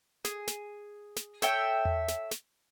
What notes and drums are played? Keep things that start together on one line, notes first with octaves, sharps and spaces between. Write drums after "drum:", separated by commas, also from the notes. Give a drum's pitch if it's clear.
G#4, drum: snare
drum: snare
drum: snare
A4 C#5 E5 G5, drum: snare
drum: tom E2
drum: snare
drum: snare